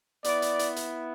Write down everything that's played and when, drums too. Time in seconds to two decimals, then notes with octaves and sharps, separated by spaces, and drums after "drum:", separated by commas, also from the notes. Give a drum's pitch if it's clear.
0.24 B3 E4 D5, drum: hi-hat
0.42 drum: hi-hat
0.59 drum: hi-hat
0.76 drum: hi-hat